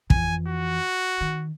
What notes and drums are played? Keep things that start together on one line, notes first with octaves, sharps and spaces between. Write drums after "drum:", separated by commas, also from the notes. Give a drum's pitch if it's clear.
F2 E3 G#5, drum: kick
F#4
D#3